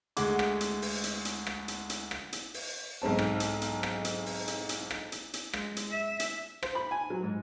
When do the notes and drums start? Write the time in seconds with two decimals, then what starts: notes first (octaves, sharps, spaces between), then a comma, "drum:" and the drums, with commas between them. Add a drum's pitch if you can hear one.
0.17 D2 G#3 F#5 D6, drum: hi-hat
0.39 drum: rim click
0.61 drum: hi-hat
0.82 drum: open hi-hat
1.04 drum: hi-hat
1.25 drum: hi-hat
1.47 drum: rim click
1.68 drum: hi-hat
1.90 drum: hi-hat
2.11 drum: rim click
2.33 drum: hi-hat
2.54 drum: open hi-hat
3.02 B1 G#2 C4 A5
3.19 drum: rim click
3.40 drum: hi-hat
3.62 drum: hi-hat
3.83 drum: rim click
4.05 drum: hi-hat
4.26 drum: open hi-hat
4.48 drum: hi-hat
4.69 drum: hi-hat
4.91 drum: rim click
5.12 drum: hi-hat
5.34 drum: hi-hat
5.53 G#3, drum: rim click
5.77 drum: hi-hat
5.91 E5
6.20 drum: hi-hat
6.63 C5, drum: rim click
6.75 B5
6.91 G#5
7.10 F#3
7.23 G#2